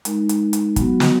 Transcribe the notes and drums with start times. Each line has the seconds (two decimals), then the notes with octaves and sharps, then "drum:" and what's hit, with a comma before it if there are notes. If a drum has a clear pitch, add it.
0.05 G#3 D#4 A#4, drum: hi-hat
0.29 drum: hi-hat
0.53 drum: hi-hat
0.76 F#3 B3 F#4, drum: kick, hi-hat
1.00 drum: snare